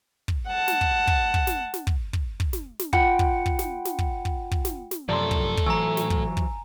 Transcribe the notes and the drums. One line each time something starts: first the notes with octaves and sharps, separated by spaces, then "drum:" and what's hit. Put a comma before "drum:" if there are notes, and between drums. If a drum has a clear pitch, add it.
drum: kick
F#5 A5
drum: snare
drum: kick
drum: kick
drum: kick
drum: snare
drum: snare
drum: kick
drum: kick
drum: kick
drum: snare
drum: snare
F4 F#5 G5 B5 C#7, drum: kick
drum: kick
drum: kick
drum: snare
drum: snare
drum: kick
drum: kick
drum: kick
drum: snare
drum: snare
F#2 A2 C3 F3 A4 D5 A#5 C6
drum: kick
drum: kick
E3 F#3 G#5 A#5 C#6 E6
drum: snare
drum: kick
drum: kick